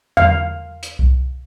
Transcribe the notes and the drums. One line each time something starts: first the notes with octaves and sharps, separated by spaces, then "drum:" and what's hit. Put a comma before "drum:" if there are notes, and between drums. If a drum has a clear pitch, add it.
F5, drum: tom E2
drum: hi-hat
drum: kick C2